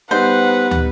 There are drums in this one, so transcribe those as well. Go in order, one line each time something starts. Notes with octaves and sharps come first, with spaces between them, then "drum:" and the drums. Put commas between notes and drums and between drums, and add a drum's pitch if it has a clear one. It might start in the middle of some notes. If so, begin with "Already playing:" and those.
G3 B3 D#4 B4 C5 F#5
drum: tom